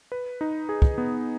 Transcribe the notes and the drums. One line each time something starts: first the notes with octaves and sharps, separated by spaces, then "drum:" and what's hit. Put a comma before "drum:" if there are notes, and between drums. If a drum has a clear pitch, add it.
B4
D#4
G#4
drum: kick
B3